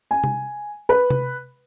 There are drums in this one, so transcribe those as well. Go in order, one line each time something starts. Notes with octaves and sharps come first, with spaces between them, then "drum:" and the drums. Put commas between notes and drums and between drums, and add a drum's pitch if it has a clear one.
G#5
drum: tom C3
B4
drum: tom C3